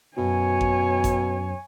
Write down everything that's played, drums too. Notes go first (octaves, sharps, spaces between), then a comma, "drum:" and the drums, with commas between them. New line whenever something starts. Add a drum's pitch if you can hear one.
F#2 B2 C#5 G#5
drum: kick G#1
drum: kick G#1, hi-hat